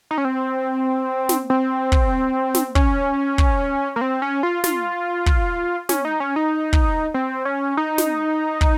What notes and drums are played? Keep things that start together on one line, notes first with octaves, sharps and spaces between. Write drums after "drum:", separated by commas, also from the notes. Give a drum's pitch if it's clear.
D#4
C#4
C4
drum: snare
C4
drum: kick
drum: snare
C#4, drum: kick
drum: kick
A#3
C4
C#4
F4
F4, drum: snare
drum: kick
C#4, drum: snare
D#4
C#4
D#4
drum: kick
C4
C#4
D#4
drum: snare
drum: kick